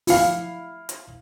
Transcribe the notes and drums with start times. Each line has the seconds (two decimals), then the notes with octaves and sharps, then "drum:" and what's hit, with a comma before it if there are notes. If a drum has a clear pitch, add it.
0.07 E4 F5, drum: open hi-hat
0.89 drum: hi-hat